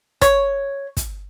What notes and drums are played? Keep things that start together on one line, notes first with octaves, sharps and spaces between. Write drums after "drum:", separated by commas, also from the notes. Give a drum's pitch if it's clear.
C#5, drum: kick, hi-hat
drum: kick, hi-hat